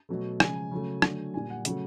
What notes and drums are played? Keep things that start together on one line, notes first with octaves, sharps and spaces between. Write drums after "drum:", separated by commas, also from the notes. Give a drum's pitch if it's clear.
B2 F#3 A3
C#3 F3 G#3 G#5, drum: rim click
C#3 F#3 A3
D3 F#3 A3, drum: rim click
A#2 G3 G#5
F#5
C#3 F#3 A3, drum: hi-hat